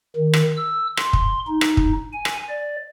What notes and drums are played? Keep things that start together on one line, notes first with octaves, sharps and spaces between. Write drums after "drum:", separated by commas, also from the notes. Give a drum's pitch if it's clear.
D#3
drum: rim click
E6
C6, drum: rim click
drum: kick
D#4
drum: rim click
drum: kick
G#5
drum: rim click
D5